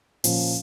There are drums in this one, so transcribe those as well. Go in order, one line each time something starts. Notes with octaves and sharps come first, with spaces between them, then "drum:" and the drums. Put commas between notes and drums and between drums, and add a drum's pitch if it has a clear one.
A#2 F3 C#4, drum: open hi-hat